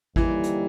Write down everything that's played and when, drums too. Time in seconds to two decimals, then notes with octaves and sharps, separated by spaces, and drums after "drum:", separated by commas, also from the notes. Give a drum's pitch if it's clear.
0.16 D#2 D3 E3 G3 A#3, drum: kick G#1
0.44 drum: hi-hat